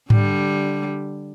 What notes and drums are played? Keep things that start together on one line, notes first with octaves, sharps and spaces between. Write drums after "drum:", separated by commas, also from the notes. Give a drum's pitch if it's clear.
D3 G3, drum: tom G#2